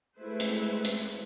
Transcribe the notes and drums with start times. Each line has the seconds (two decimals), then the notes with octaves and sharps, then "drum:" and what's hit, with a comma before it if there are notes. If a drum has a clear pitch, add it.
0.18 G#3 A3 E4 B4 C5
0.40 drum: hi-hat
0.85 drum: hi-hat